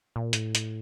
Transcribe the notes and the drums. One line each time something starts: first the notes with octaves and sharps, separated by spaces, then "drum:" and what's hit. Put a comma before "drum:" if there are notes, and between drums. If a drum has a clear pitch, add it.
A#2
A2, drum: hi-hat
drum: hi-hat